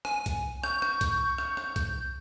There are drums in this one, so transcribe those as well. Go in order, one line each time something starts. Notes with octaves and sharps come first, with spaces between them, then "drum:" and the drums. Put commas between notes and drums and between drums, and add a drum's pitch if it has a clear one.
G#5, drum: rim click
drum: kick B1, hi-hat
C#6 G6, drum: rim click
drum: rim click
drum: kick B1, hi-hat
drum: rim click
drum: rim click
drum: kick B1, hi-hat